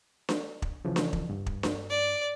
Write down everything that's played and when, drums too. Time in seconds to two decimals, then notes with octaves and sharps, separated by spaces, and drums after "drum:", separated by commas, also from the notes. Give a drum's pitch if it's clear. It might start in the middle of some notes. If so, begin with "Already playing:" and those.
0.29 drum: snare D4
0.62 drum: kick
0.85 C#3 E3 F3
0.96 drum: snare D4
1.13 drum: kick
1.30 G2
1.46 drum: kick
1.63 drum: snare D4
1.90 D5